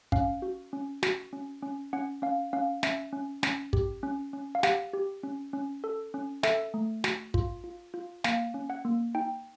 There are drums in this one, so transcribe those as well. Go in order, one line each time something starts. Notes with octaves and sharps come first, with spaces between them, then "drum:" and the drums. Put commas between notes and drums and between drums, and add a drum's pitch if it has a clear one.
C#4 F5, drum: kick
F#4
C#4
F#4, drum: snare
C#4
C#4
C#4 F#5
C#4 F5
C#4 F5
C#4 E5, drum: snare
C#4
C#4, drum: snare
G4, drum: kick
C#4
C#4
F5
G4 F#5, drum: snare
G4
C#4
C#4
A4
C#4
A4 E5, drum: snare
A3
F#4, drum: snare
F4, drum: kick
F4
F4
A#3 F5, drum: snare
C#4
F#5
A#3
D#4 G5